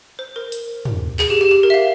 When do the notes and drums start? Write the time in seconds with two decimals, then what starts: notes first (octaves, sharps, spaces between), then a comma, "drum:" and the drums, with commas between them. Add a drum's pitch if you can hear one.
0.19 C5
0.36 A#4
0.52 drum: hi-hat
0.85 drum: tom
1.19 G#4, drum: clap
1.30 G4
1.41 G4
1.51 G4
1.63 A#4
1.70 E5
1.74 F5